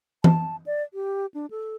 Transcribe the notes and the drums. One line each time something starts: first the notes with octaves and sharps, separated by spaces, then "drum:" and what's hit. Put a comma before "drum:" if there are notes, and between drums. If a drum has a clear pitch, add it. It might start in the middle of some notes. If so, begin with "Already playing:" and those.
A5, drum: tom E3
D5
G4
D4
A4